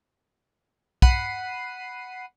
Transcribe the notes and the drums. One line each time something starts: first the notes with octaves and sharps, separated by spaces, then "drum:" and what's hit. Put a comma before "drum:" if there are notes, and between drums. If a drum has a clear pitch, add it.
F#5 B5 C7 D#7, drum: kick